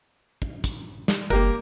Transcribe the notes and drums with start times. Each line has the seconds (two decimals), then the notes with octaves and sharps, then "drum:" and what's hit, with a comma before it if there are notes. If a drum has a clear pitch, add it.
0.42 drum: kick
0.64 drum: kick, hi-hat
1.08 drum: snare
1.30 F#1 A#3 G4 A#4, drum: kick